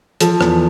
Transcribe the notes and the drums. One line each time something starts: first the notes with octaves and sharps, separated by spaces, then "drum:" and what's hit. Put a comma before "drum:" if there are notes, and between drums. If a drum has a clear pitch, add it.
F3 A4, drum: hi-hat
E2, drum: rim click